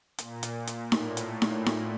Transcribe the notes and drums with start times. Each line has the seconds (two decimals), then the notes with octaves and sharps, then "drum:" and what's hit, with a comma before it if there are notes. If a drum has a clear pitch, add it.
0.19 A#2, drum: hi-hat
0.43 drum: hi-hat
0.55 A#2
0.67 drum: hi-hat
0.92 A2, drum: snare D#4
1.17 drum: hi-hat
1.42 drum: snare D#4
1.66 drum: snare D#4